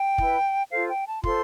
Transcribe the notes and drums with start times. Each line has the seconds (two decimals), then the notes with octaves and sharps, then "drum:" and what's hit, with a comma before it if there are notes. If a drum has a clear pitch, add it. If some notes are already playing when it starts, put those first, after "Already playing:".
Already playing: G5
0.18 E4 B4, drum: kick
0.71 F4 A4 C5 F5
0.88 G5
1.06 A5
1.24 F4 A4 C5 C6, drum: kick